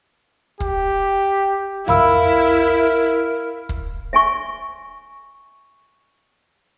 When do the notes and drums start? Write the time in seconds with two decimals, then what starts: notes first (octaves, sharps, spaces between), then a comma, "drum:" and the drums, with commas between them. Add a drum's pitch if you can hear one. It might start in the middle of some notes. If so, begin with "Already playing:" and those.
0.60 G4, drum: kick
1.88 E4 A#4 F5 B5 E6, drum: tom
3.69 drum: kick
4.13 E5 G#5 C#6